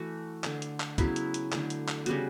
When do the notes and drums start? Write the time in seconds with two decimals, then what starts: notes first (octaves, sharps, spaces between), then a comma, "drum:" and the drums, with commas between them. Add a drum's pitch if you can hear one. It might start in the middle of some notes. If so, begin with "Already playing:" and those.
Already playing: E3 A3 F#4 A4
0.44 D3 A3, drum: clap
0.62 drum: hi-hat
0.80 drum: clap
0.98 C#3 F#3 B3 E4, drum: kick C#2, hi-hat
1.16 drum: hi-hat
1.34 drum: hi-hat
1.52 D3 A3, drum: clap
1.70 drum: hi-hat
1.88 drum: clap
2.06 C#3 G3 B3 F#4, drum: hi-hat